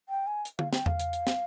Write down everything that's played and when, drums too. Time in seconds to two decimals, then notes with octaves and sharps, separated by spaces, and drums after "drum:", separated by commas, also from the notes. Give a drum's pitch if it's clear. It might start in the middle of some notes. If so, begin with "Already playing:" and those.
0.09 G5
0.27 G#5
0.45 drum: hi-hat
0.59 F5, drum: tom
0.73 G5, drum: snare
0.86 F5, drum: tom E2
1.00 drum: hi-hat
1.13 drum: hi-hat
1.27 drum: snare